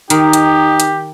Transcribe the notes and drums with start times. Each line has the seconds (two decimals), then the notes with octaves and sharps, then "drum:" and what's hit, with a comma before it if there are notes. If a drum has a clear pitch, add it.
0.10 D#3 D#4 G4, drum: hi-hat
0.33 drum: hi-hat
0.80 drum: hi-hat